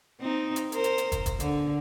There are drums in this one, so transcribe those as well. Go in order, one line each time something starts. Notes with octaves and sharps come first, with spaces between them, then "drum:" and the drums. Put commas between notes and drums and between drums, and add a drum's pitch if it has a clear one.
C4 D#4
drum: hi-hat
A#4 C5, drum: hi-hat
drum: hi-hat
drum: hi-hat
drum: kick, hi-hat
drum: kick, hi-hat
D3, drum: hi-hat